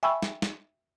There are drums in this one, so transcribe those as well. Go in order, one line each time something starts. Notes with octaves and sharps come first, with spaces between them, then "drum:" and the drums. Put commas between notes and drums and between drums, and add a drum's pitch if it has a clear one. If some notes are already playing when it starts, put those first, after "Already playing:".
E5 G5 G#5 B5 C#6 E6
drum: snare
drum: snare